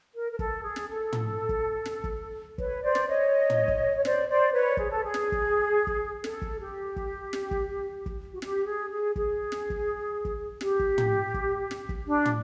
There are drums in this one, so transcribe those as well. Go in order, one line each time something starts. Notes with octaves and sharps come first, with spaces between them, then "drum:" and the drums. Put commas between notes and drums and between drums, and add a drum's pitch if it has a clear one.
A#4
A#4
A4, drum: kick
G#4
drum: snare
A4
drum: tom
drum: kick
drum: snare
drum: kick
B4 C#5, drum: kick
C5 D5
drum: snare
C#5 D#5
drum: tom
drum: kick
C#5
C5 D5, drum: snare
C5 D5
B4 C#5
G#4, drum: kick
A4
G#4
drum: snare
drum: kick
drum: kick
A4, drum: snare
drum: kick
G4
drum: kick
drum: snare
drum: kick
drum: kick
F#4
G4, drum: snare
G#4
G#4
G#4, drum: kick
drum: snare
drum: kick
drum: kick
G4, drum: snare
drum: kick
drum: tom
drum: kick
drum: snare
drum: kick
D4
drum: tom